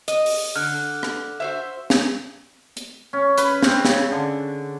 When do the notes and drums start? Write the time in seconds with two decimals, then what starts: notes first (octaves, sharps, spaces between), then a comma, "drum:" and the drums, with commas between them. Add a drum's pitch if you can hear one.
0.08 D#5, drum: hi-hat
0.26 drum: open hi-hat
0.55 D3 F6 F#6
1.03 drum: rim click
1.40 F#4 C5 E5
1.90 drum: snare
2.77 drum: hi-hat
3.13 C#4
3.38 B4, drum: hi-hat
3.62 C4, drum: snare
3.85 C#3, drum: snare
4.12 D3